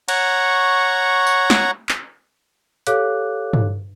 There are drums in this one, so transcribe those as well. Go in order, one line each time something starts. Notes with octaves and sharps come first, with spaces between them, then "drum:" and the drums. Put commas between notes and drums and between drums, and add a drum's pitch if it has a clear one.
C#5 F#5 A#5 C#6, drum: cymbal
drum: tambourine
drum: snare
drum: clap
G4 A4 C#5 F5 D6 F#6, drum: hi-hat
drum: tom G2